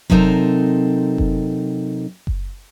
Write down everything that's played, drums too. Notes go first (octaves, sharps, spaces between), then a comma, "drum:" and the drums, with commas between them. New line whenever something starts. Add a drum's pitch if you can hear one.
C3 F#3 C4 D#4 A4 A#4, drum: kick F#1
drum: kick F#1
drum: kick F#1